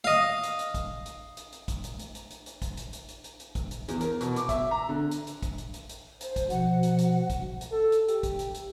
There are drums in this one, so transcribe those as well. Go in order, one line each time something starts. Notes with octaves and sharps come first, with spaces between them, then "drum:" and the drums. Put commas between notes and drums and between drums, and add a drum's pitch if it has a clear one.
D#5 F5
drum: hi-hat
drum: hi-hat
drum: kick, hi-hat
drum: hi-hat
drum: hi-hat
drum: hi-hat
drum: kick, hi-hat
drum: hi-hat
drum: hi-hat
drum: hi-hat
drum: hi-hat
drum: hi-hat
drum: kick, hi-hat
drum: hi-hat
drum: hi-hat
drum: hi-hat
drum: hi-hat
drum: hi-hat
drum: kick, hi-hat
drum: hi-hat
E2, drum: hi-hat
A#4, drum: hi-hat
B2, drum: hi-hat
D6, drum: hi-hat
E5, drum: kick, hi-hat
A#5
D3
drum: hi-hat
drum: hi-hat
drum: kick, hi-hat
drum: hi-hat
drum: hi-hat
drum: hi-hat
C5, drum: hi-hat
drum: kick, hi-hat
B2 F3 F#5, drum: hi-hat
drum: hi-hat
drum: hi-hat
drum: kick, hi-hat
drum: hi-hat
A4
drum: hi-hat
G4, drum: hi-hat
drum: kick, hi-hat
drum: hi-hat
drum: hi-hat